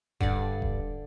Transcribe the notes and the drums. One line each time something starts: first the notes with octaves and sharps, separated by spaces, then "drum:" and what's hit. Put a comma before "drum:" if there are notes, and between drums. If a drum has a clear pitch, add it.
G2 D3 D5, drum: kick D#1
drum: kick D#1